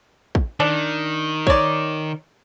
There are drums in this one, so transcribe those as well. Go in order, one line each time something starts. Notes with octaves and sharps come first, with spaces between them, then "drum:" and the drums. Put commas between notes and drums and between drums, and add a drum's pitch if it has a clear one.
drum: kick
D#3 D4
C#5 D5, drum: kick